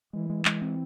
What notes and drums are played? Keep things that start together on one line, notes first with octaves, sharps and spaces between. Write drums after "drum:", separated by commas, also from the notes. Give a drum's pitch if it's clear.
E3 G#3
G#3
G#3, drum: clap
C4